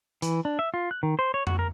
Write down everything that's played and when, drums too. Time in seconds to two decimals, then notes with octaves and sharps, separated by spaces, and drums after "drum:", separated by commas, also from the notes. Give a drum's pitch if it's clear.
0.22 E3, drum: hi-hat
0.45 D4
0.59 E5
0.74 F4
0.91 F#6
1.03 D#3
1.19 C5
1.34 C#5
1.47 F#4, drum: tom F2
1.59 A#4